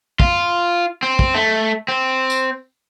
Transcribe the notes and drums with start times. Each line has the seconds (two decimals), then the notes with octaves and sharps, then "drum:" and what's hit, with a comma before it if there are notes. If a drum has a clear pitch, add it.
0.20 F4, drum: kick
1.03 C4
1.19 drum: kick
1.34 A3
1.88 C4
2.30 drum: tambourine